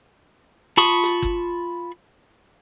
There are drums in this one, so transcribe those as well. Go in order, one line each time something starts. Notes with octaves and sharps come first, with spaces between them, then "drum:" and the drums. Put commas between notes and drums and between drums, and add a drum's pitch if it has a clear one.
F4 A5 B5 C#6 D#6, drum: hi-hat
drum: hi-hat
drum: kick G1